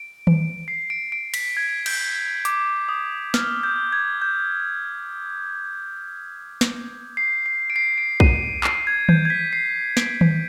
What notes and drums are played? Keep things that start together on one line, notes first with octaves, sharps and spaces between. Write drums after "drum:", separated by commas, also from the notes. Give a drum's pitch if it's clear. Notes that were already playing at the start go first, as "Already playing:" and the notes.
Already playing: D7
drum: tom D#3
C7
D7
D7
B6, drum: cymbal
G#6
G6, drum: cymbal
D6, drum: hi-hat
D#6
F6, drum: snare
G6
G#6
G6
drum: snare
C7
C7
D7
C7
D7
D#7, drum: kick B1
C7, drum: clap
G#6
G6, drum: tom D#3
G#6
B6
C7
D7, drum: snare
drum: tom D#3